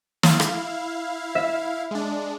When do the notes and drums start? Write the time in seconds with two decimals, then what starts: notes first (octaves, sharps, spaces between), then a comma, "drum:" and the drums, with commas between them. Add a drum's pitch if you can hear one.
0.23 E4 F5, drum: snare
0.40 drum: rim click
1.35 E5
1.91 G#3 D4